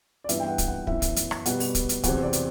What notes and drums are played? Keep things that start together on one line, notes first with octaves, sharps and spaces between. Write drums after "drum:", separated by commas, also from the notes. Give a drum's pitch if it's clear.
D5
G2 E3 B3 E5, drum: hi-hat
G5
F#5
drum: kick, hi-hat
F#5
F#2 E3 B3 E5, drum: kick
drum: kick, hi-hat
drum: hi-hat
drum: rim click
B2 G3 B3 F#5, drum: hi-hat
drum: open hi-hat
drum: kick, hi-hat
drum: hi-hat
E2 C3 F#3 C4 F#5, drum: kick, hi-hat
D5
drum: hi-hat